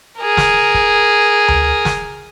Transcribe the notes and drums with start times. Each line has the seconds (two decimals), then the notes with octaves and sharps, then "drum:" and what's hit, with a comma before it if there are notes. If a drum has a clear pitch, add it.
0.19 G#4 A#4
0.37 drum: snare
0.74 drum: kick
1.48 drum: tom D2
1.85 drum: snare